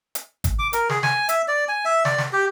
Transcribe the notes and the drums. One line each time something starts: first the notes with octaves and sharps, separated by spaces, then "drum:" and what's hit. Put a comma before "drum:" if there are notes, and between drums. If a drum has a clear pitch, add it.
drum: hi-hat
drum: kick, hi-hat
D6
A#4, drum: hi-hat
G#4, drum: snare
G#5, drum: snare
E5, drum: hi-hat
D5
G#5
E5
D5, drum: snare
drum: snare
G4